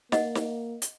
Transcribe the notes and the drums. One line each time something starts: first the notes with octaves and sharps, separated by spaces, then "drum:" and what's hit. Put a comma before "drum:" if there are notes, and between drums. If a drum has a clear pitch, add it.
A#3 D#5 F#5, drum: snare
drum: snare
drum: hi-hat